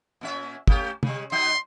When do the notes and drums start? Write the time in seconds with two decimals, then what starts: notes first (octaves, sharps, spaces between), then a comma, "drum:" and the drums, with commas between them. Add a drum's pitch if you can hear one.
0.21 A#2 C#4 E5
0.67 A3 C#4 G4, drum: kick
1.03 C#3 G3, drum: tom
1.32 F#3 D#4 E5 C6